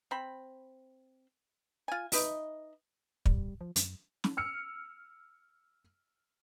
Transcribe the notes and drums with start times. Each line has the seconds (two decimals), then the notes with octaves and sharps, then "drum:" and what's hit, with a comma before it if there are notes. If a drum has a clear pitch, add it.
0.11 C4 B5
1.88 F4 G#5
2.12 D#4 B4 D#5 E5, drum: open hi-hat
3.26 G3, drum: kick
3.61 F3
3.76 F#2, drum: hi-hat
4.24 drum: snare
4.37 E6 F6 C#7